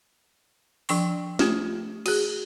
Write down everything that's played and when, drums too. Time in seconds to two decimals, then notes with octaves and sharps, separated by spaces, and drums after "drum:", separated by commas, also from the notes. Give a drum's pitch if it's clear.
0.89 F3 D4 G5 C#6, drum: open hi-hat
1.39 A3 F4 G4, drum: snare
2.06 F#4 G#4, drum: cymbal